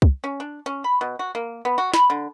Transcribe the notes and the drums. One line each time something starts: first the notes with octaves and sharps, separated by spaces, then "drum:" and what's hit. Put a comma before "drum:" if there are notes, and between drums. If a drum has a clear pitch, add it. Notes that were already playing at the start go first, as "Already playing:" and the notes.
drum: kick
C#4
D4
C#4
B5
B2
F#4
A#3
B3
F#4
B5, drum: snare
D3